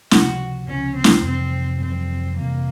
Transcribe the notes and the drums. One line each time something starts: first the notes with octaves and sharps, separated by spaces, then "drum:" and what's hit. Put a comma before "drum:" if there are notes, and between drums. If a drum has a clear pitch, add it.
C#2 C3 F3 F#4, drum: snare
C#2 C3 F3 C#4
C4
drum: snare
F2 C3 E3 G3 C4
F2 C3 E3 G3 C4
F2 C3 E3 G3 A#3